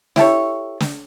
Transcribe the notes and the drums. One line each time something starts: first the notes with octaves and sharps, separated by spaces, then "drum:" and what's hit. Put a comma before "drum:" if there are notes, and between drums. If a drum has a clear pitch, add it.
E4 G4 A4 C#5, drum: snare
drum: snare